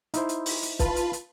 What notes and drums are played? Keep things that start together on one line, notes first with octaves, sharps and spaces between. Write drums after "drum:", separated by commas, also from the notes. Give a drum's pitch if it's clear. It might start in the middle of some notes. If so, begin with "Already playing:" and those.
D#4 E4 C5, drum: hi-hat
drum: hi-hat
drum: open hi-hat
drum: hi-hat
F4 B4 A5, drum: kick, hi-hat
drum: hi-hat
drum: hi-hat